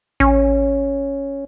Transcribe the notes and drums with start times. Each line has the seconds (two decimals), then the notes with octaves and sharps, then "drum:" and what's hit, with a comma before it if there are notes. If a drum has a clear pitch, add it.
0.20 C#4, drum: kick A1